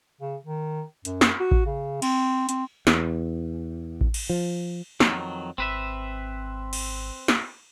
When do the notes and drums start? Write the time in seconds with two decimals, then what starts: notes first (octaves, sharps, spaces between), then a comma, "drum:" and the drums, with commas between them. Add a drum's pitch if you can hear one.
0.21 C#3
0.46 D#3
1.05 F#2, drum: hi-hat
1.21 drum: snare
1.40 F#4
1.51 drum: kick A1
1.67 C#3
2.02 C4, drum: cymbal
2.49 C4, drum: hi-hat
2.87 E2, drum: snare
4.01 drum: kick A1
4.14 drum: cymbal
4.30 F3
5.00 F2 D#3 F#3, drum: snare
5.58 G#1 C4 B4 E5
6.73 drum: cymbal
7.28 drum: snare